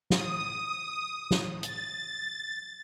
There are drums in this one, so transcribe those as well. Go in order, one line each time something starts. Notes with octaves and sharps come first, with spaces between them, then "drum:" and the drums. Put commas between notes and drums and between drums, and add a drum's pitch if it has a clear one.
D#6, drum: snare
drum: snare
A6, drum: hi-hat